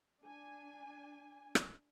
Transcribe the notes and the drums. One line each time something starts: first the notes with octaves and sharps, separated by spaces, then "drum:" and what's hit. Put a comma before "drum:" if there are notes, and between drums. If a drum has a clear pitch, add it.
D4 G#5
drum: rim click